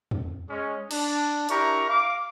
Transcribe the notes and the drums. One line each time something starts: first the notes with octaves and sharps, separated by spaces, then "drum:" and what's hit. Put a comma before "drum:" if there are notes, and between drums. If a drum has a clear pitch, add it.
drum: tom E2
G#3 C#4 D#5
D4, drum: cymbal
D4 E4 G4 A#4 A#5 C#6, drum: hi-hat
F5 D6